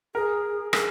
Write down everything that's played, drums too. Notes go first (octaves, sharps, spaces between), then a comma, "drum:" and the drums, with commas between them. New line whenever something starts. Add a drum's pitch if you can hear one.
G#4 A#4
G#4 A#4, drum: rim click